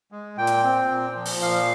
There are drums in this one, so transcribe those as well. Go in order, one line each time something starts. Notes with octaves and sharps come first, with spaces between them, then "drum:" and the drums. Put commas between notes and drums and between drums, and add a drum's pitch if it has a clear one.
G#3
A#2 G5
drum: hi-hat
C4
A#2
F3
drum: open hi-hat
A#2 F5